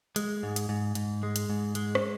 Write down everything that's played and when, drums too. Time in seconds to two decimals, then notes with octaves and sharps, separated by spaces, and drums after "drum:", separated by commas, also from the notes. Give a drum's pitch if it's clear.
0.16 G#3, drum: hi-hat
0.43 G#2
0.56 drum: hi-hat
0.69 G#2
0.95 G#2, drum: hi-hat
1.23 G#3
1.36 drum: hi-hat
1.50 G#2
1.75 G#3, drum: hi-hat
1.95 drum: rim click